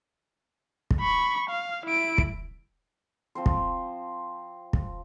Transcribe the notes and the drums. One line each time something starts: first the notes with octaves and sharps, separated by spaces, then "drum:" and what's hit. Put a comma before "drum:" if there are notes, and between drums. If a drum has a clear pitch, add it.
drum: kick
B5 C#6
F5
E4 D7
drum: kick
F3 C4 C5
drum: kick
drum: kick